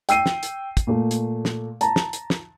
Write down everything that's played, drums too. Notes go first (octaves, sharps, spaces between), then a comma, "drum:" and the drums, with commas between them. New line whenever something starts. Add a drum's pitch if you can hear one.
G5 E6 C7 D#7, drum: hi-hat
drum: snare
drum: hi-hat
drum: kick, hi-hat
A#2 A3
drum: hi-hat
drum: snare
A5 A#5, drum: hi-hat
drum: snare
drum: hi-hat
drum: snare